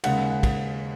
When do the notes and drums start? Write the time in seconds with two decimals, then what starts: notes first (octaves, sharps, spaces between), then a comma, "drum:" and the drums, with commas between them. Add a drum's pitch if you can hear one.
0.04 D#2 C#3 G#3 F#5, drum: cymbal
0.30 F#5
0.43 drum: kick, cymbal